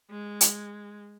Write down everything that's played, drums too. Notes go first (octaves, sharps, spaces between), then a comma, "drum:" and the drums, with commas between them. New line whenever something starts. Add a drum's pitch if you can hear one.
G#3
drum: hi-hat